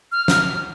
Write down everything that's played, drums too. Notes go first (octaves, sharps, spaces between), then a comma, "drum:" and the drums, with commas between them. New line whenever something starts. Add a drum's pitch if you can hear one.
F6
drum: snare